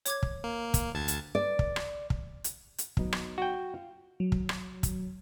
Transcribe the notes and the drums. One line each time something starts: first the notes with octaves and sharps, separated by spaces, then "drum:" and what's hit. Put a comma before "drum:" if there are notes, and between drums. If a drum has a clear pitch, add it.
C#5 D6 G#6, drum: hi-hat
drum: kick
A#3
drum: kick, hi-hat
D2 A5 G#6
drum: hi-hat
D5
drum: kick
drum: rim click
drum: kick
drum: hi-hat
drum: hi-hat
F#3 B3 D#4, drum: kick
drum: rim click
F#4 G5
F4
F#3
drum: kick
drum: rim click
drum: kick, hi-hat